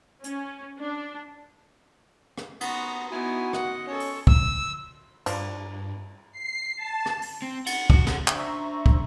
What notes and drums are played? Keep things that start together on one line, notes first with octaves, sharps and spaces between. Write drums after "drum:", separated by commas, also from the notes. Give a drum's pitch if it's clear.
C#4, drum: hi-hat
D4
drum: rim click
B3 F#4 A#5 D#6, drum: cymbal
B3 D#4 E4 F#4 G#5
D#5 F#5, drum: rim click
C#4 A4 C#5
drum: open hi-hat
E6, drum: kick
G2 F3 D4, drum: cymbal
C7
A5
drum: rim click
drum: open hi-hat
C4
F#5, drum: cymbal
F#4, drum: kick
A4 F#5, drum: snare
D4 C5 E5 A#5 C#6, drum: clap
drum: kick